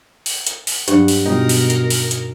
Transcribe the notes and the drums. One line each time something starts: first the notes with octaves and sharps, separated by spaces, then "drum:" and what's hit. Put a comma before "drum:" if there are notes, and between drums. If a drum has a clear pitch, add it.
drum: open hi-hat
drum: hi-hat
drum: open hi-hat
G2 F#3 F#5, drum: hi-hat
drum: open hi-hat
B2 G3 B3 D#4 F4 A#4
drum: open hi-hat
drum: hi-hat
drum: open hi-hat
drum: hi-hat